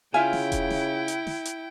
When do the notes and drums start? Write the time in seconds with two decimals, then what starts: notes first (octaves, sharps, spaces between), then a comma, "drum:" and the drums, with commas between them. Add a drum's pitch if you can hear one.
0.14 C#3 E4 F4 E5 F5 G5 G#5
0.33 drum: snare
0.52 drum: kick E1, hi-hat
0.70 drum: snare
1.08 drum: hi-hat
1.27 drum: snare
1.45 drum: hi-hat